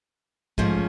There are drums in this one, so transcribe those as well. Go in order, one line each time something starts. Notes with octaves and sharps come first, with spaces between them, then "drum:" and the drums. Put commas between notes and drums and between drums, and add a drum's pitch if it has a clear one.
G#2 F3 A3 C#4, drum: kick